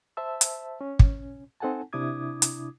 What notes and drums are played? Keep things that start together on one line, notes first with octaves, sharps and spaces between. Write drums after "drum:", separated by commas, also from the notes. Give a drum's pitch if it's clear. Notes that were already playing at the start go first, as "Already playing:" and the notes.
C5 E5 A5 E6
drum: hi-hat
C#4
drum: kick
C4 D#4 A4 F#5 G#5 A5
C3 D4 E4 D6 D#6 G#6
drum: hi-hat